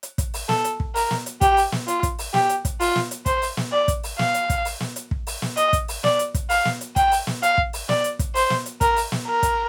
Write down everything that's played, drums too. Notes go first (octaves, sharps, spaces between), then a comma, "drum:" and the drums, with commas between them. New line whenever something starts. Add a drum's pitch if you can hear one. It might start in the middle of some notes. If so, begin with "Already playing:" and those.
drum: hi-hat
drum: kick, hi-hat
drum: open hi-hat
A4, drum: snare
drum: hi-hat
drum: kick
A#4, drum: open hi-hat
drum: snare
drum: hi-hat
G4, drum: kick, hi-hat
drum: open hi-hat
drum: snare
F4, drum: hi-hat
drum: kick, hi-hat
drum: open hi-hat
G4, drum: snare
drum: hi-hat
drum: kick, hi-hat
F4, drum: open hi-hat
drum: snare
drum: hi-hat
C5, drum: kick, hi-hat
drum: open hi-hat
drum: snare
D5
drum: kick, hi-hat
drum: open hi-hat
F5, drum: snare
drum: hi-hat
drum: kick, hi-hat
drum: open hi-hat
drum: snare
drum: hi-hat
drum: kick
drum: open hi-hat
drum: snare
D#5, drum: hi-hat
drum: kick, hi-hat
drum: open hi-hat
D5, drum: snare
drum: hi-hat
drum: kick, hi-hat
F5, drum: open hi-hat
drum: snare
drum: hi-hat
G5, drum: kick, hi-hat
drum: open hi-hat
drum: snare
F5, drum: hi-hat
drum: kick
drum: open hi-hat
D5, drum: snare
drum: hi-hat
drum: kick, hi-hat
C5, drum: open hi-hat
drum: snare
drum: hi-hat
A#4, drum: kick, hi-hat
drum: open hi-hat
drum: snare
A#4
drum: kick, hi-hat